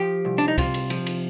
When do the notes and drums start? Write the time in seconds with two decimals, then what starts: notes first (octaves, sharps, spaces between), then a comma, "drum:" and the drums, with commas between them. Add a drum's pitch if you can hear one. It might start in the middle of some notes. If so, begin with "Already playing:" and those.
Already playing: F3 G4
0.25 C2
0.38 D4
0.48 D#4
0.58 C3 F4, drum: kick, cymbal
0.74 drum: cymbal
0.90 F3, drum: cymbal
1.06 drum: cymbal